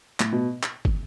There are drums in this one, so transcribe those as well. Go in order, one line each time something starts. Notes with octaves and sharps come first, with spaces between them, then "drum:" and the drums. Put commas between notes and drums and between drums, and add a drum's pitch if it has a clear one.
A2, drum: clap
B2
drum: clap
drum: kick